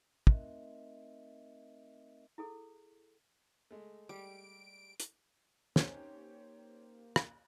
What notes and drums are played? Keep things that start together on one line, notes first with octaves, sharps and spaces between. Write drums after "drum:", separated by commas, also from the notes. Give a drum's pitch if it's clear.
A3 C4 D#4 A#4 D#5 E5, drum: kick
E4 G#4 A4
G#3 A3
G3 D7
drum: hi-hat
A#3 C4 C#4 D#4 G4 C#5, drum: snare
drum: rim click